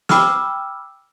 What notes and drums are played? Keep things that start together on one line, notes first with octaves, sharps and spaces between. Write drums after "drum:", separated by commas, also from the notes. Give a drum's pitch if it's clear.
G5 B5 D6 E6 F6, drum: snare